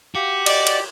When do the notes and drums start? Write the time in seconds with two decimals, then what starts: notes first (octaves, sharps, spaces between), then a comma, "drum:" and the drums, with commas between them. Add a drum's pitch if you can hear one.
0.15 F#4 G4 F5
0.46 D5 D#5, drum: cymbal
0.67 drum: cymbal